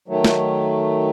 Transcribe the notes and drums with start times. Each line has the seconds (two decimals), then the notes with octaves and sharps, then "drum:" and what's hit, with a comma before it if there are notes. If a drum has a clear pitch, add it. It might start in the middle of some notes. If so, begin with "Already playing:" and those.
0.08 D#3 F#3 A3
0.24 drum: snare